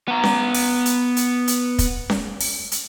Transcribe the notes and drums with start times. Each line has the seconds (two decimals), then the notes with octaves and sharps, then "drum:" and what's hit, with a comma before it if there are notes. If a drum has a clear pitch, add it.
0.08 B3 A#5
0.24 drum: snare C#4
0.55 drum: open hi-hat
0.86 drum: hi-hat
1.17 drum: hi-hat
1.48 drum: hi-hat
1.79 drum: kick, hi-hat
2.10 drum: snare C#4
2.41 drum: open hi-hat
2.72 drum: hi-hat